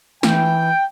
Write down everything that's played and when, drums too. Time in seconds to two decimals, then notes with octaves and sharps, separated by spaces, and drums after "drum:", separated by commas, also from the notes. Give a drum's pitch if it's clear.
0.23 E3 G5, drum: snare